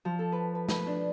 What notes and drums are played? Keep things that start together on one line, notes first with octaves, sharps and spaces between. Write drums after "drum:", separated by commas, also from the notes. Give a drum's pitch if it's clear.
F3
A4
B4
B4
B4, drum: snare
D4